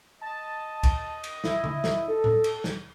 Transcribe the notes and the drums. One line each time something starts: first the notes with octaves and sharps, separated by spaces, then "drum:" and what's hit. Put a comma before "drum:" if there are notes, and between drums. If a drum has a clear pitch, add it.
D#5 A5
drum: kick, cymbal
drum: cymbal
E4, drum: snare
drum: tom C#3
drum: snare
A4
drum: tom A2
drum: cymbal
drum: snare